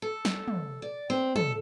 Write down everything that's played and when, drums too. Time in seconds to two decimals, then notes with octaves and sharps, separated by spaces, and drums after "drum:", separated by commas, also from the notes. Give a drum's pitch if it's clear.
0.02 A4
0.25 drum: snare
0.48 drum: tom
0.82 D5
1.10 C4
1.36 A4, drum: tom